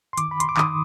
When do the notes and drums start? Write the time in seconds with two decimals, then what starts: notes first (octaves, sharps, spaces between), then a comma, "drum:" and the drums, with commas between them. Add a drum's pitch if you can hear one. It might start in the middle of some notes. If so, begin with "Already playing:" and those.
0.13 C6
0.17 D#3 D6, drum: hi-hat
0.31 B5
0.40 C6, drum: hi-hat
0.49 D6
0.57 D#3 D#6, drum: clap